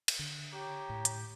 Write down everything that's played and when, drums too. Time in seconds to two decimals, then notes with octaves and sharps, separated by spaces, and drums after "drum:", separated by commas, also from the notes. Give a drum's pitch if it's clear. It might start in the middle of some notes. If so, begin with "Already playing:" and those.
0.08 drum: cymbal
0.19 D3
0.53 G4 C#5 G5 A#5
0.90 A2
1.05 drum: hi-hat